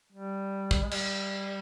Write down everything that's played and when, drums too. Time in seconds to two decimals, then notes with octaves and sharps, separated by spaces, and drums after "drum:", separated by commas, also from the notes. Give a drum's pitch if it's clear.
0.12 G3
0.71 drum: kick
0.83 G#3
0.91 G3, drum: cymbal